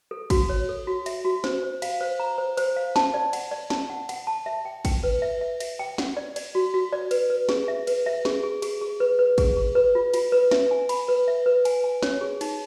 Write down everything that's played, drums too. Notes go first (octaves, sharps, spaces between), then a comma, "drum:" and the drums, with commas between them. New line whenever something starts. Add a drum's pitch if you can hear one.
A4
F#4, drum: kick, cymbal
C#5
A4
F#4
E5, drum: cymbal
F#4
C5, drum: snare
C5
F5, drum: cymbal
C5
A#5
C5
C5, drum: cymbal
F5
A5, drum: snare
D5
F#5, drum: cymbal
D5
A5, drum: snare
F#5
F#5, drum: cymbal
A5
E5
G5
G5, drum: kick, cymbal
B4
E5
E5
E5, drum: cymbal
G5
F#5, drum: snare
D5
D5, drum: cymbal
F#4
F#4
D5
B4, drum: cymbal
B4
G#4, drum: snare
E5
B4, drum: cymbal
E5
G#4, drum: snare
G#4
G#4, drum: cymbal
G#4
B4
B4
G#4, drum: kick, cymbal
G#4
B4
F4
F4, drum: cymbal
B4
E5, drum: snare
G#5
B5, drum: cymbal
B4
E5
B4
G#5, drum: cymbal
G#5
C#5, drum: snare
G#4
D#4, drum: cymbal